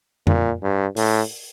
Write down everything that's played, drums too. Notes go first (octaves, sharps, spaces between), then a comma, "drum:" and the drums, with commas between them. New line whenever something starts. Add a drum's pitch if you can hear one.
A#2, drum: tom F2
G2
A2, drum: open hi-hat